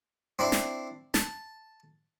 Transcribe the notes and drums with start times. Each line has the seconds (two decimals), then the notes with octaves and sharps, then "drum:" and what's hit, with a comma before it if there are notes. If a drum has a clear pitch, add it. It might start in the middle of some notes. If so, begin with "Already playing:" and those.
0.39 C4 D4 E4
0.52 drum: snare
1.14 A5, drum: snare